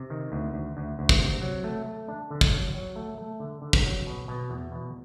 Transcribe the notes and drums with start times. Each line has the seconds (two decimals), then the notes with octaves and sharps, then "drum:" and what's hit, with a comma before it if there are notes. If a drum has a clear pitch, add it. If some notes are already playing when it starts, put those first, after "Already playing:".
Already playing: C3
0.10 D#3
0.32 D2
0.54 D2
0.77 D2
0.99 D2
1.09 drum: kick
1.21 C3
1.42 F#3
1.64 A3
1.86 A3
2.08 D4
2.31 D3
2.41 drum: kick
2.52 F#3
2.75 F#3
2.96 A3
3.18 A3
3.40 D3
3.62 D3
3.73 drum: kick
3.84 F#3
4.07 B2
4.28 B2
4.50 E2
4.72 B2